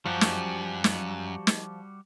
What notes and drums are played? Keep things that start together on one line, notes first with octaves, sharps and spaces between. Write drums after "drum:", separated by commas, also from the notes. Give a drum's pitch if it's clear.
F#2 F3 G3 F#4 G4
drum: snare
drum: snare
drum: snare